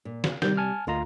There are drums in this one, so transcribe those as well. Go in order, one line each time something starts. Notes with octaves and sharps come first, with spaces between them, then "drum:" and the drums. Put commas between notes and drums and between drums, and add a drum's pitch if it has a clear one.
A#2
C#3, drum: snare
C3 D#3 G3 G6, drum: snare
G#5 A5 F6
D2 F4 A#4 D#5 A#5